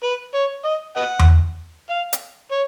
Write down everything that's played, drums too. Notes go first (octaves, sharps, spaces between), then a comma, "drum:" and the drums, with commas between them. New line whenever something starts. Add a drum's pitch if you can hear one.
B4
C#5
D#5
B4 D#5 F#5
drum: tom E2
F5
drum: hi-hat
C#5